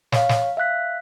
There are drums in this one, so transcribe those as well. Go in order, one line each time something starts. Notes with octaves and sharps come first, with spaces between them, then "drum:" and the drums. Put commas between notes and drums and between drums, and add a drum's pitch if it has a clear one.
C#5 F5, drum: snare
drum: snare
E5 F5 F#6 B6